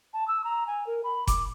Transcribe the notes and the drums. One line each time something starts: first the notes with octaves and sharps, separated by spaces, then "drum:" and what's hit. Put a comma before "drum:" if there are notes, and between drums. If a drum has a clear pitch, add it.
A5
E6
A#5
G#5
A#4
B5
D6, drum: kick F#1, hi-hat